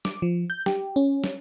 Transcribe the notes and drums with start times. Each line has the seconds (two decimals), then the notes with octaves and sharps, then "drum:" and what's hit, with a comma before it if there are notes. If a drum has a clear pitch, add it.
0.05 D6, drum: snare
0.22 F3
0.50 G6
0.66 G4, drum: snare
0.96 C#4
1.24 drum: snare